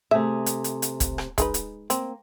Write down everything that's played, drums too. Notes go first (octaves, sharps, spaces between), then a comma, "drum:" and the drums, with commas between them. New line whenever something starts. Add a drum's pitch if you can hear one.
C3 A3 G#4 E5
drum: hi-hat
drum: hi-hat
drum: hi-hat
drum: kick, hi-hat
drum: rim click
G#3 D#4 B4, drum: kick, hi-hat
drum: hi-hat
A#3 C4, drum: hi-hat